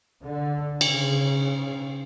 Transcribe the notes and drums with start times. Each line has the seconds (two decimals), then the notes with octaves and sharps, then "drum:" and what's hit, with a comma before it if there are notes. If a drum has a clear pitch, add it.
0.21 D3
0.81 C#3, drum: cymbal